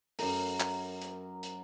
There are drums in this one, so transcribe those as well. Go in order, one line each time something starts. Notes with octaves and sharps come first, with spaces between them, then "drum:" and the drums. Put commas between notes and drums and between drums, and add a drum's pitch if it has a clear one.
F#2 A#4, drum: open hi-hat
drum: clap
drum: hi-hat
drum: hi-hat